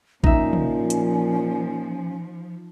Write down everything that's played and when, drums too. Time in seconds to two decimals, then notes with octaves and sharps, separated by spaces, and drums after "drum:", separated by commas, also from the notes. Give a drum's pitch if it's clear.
0.24 A#2 F3 C#4 D#4 E5, drum: kick A1
0.53 drum: tom
0.90 drum: hi-hat